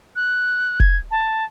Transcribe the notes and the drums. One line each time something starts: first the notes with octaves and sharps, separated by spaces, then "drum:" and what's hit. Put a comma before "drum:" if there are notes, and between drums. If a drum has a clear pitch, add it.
F#6
G#6, drum: kick
A5